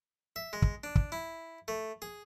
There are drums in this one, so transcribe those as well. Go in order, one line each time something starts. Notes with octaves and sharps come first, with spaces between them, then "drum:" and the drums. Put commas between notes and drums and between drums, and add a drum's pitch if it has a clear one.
E5
G#3
drum: kick
D4
drum: kick
E4
A3
G#4